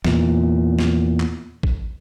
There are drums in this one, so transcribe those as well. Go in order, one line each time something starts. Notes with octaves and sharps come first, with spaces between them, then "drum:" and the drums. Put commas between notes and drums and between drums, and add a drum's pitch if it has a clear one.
E2 A#2, drum: snare
drum: snare
drum: clap
drum: kick